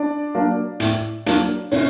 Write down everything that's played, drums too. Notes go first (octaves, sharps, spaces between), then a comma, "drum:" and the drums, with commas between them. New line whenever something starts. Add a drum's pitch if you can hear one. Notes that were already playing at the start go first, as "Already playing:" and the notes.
Already playing: D4 D5
F#3 A#3 D4
A2, drum: hi-hat
F#3 A#3 D4, drum: hi-hat
C3 C#4 C#5, drum: open hi-hat